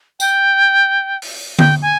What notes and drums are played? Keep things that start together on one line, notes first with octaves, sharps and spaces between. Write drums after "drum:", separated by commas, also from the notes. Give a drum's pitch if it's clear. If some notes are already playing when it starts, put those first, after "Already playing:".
G5, drum: tambourine
drum: open hi-hat
G5, drum: tom D3
G#5